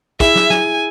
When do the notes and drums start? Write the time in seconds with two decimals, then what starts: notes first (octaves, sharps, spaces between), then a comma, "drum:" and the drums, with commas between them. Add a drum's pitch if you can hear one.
0.20 E4 G#4 E5, drum: kick, hi-hat
0.35 drum: snare
0.50 G#5, drum: snare